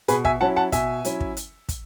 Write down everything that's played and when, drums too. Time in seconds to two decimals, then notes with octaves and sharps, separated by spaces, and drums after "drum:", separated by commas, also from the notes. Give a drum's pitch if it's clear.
0.08 B2 G#4 B4, drum: hi-hat
0.25 E5 G#5, drum: kick
0.41 F#3 C#4 E4 F#5 A5
0.56 F#5 A5
0.72 B2 E5 G#5, drum: kick, hi-hat
1.05 F#3 C#4 E4, drum: hi-hat
1.21 drum: kick
1.37 drum: hi-hat
1.69 drum: kick, hi-hat